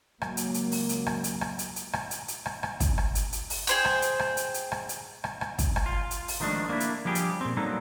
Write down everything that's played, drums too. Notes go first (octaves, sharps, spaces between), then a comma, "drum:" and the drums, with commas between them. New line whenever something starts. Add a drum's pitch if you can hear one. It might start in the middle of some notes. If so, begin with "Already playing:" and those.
C#2 F#3 A#3, drum: rim click
drum: hi-hat
drum: hi-hat
drum: open hi-hat
drum: hi-hat
drum: rim click
drum: hi-hat
drum: rim click
drum: hi-hat
drum: hi-hat
drum: rim click
drum: hi-hat
drum: hi-hat
drum: rim click
drum: rim click
drum: kick, hi-hat
drum: rim click
drum: hi-hat
drum: hi-hat
drum: open hi-hat
G#4 C5 G5, drum: hi-hat
drum: rim click
drum: hi-hat
drum: rim click
drum: hi-hat
drum: hi-hat
drum: rim click
drum: hi-hat
drum: rim click
drum: rim click
drum: kick, hi-hat
drum: rim click
F4
drum: hi-hat
drum: open hi-hat
D#3 F3 G#3 A3 D4
A#3 D4 E4
drum: hi-hat
F3 G3 D4 G4 G#4
drum: hi-hat
A#2 C4
F#3 G3 A#3 D#4 A4